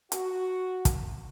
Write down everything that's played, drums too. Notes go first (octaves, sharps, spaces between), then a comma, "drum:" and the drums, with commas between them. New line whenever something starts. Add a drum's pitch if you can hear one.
F#4, drum: hi-hat
drum: kick, hi-hat